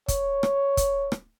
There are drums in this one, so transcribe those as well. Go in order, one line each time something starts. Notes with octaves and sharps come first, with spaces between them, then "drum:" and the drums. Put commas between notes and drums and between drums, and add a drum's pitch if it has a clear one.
C#5, drum: kick, hi-hat
drum: rim click
drum: kick, hi-hat
drum: rim click